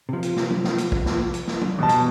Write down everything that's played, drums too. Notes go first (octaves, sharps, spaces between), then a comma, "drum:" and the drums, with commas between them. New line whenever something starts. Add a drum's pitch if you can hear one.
C3 F3
drum: hi-hat
drum: snare
drum: tom
drum: snare
drum: hi-hat
drum: kick
drum: snare
drum: hi-hat
drum: snare
drum: tom
B2 E3 G3 D#5 A5
drum: hi-hat